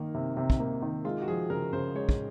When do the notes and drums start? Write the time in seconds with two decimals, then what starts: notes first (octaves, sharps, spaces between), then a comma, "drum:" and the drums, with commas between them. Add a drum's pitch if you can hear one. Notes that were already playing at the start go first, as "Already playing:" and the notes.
Already playing: D#3 A#3 D#4
0.14 C3
0.37 C3
0.50 drum: kick
0.60 A#3
0.82 D#3
1.05 G#3 F4
1.22 F#4
1.28 F3 G#4
1.50 C#3 A#4
1.73 C#3 C5
1.95 G#3 C#5
2.09 drum: kick